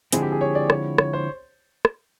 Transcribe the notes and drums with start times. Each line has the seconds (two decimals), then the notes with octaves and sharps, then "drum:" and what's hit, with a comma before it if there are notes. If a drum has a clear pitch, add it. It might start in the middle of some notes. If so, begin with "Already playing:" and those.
0.12 D3 F3 G#3 C4 E4 G#4, drum: hi-hat
0.22 G4
0.32 G#4
0.41 C#5
0.55 D5
0.70 C#5, drum: rim click
0.98 C#5, drum: rim click
1.13 C5
1.85 drum: rim click